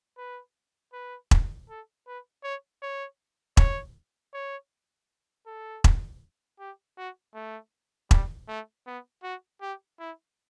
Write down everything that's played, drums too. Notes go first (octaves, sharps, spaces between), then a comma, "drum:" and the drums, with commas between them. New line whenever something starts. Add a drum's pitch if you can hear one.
B4
B4
drum: kick E1
A4
B4
C#5
C#5
C#5, drum: kick E1
C#5
A4
drum: kick E1
G4
F#4
A3
G3, drum: kick E1
A3
B3
F#4
G4
E4